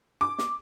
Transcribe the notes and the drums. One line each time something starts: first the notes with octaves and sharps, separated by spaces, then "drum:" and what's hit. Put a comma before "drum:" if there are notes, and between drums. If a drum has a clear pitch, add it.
D6
drum: snare